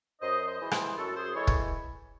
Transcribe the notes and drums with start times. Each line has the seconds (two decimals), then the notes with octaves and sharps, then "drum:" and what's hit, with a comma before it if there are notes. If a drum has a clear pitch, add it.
0.22 F#2 C5 D#5
0.46 C5 D#5
0.60 E3 G#3
0.71 G#4 C5, drum: rim click
0.97 F#2 F#4 A4
1.16 G#4 C5
1.34 E3 G#3 A4 C#5
1.47 drum: kick